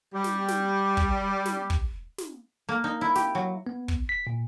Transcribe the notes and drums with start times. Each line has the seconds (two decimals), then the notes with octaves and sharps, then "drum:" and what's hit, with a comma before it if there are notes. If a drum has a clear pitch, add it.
0.13 G3 G4
0.24 drum: snare
0.48 drum: snare
0.97 drum: kick
1.46 drum: snare
1.70 drum: kick
2.18 drum: snare
2.69 A#3
2.84 D#4
3.01 E4
3.15 G4, drum: snare
3.35 F#3
3.67 B3
3.88 drum: kick
4.09 B6
4.27 A#2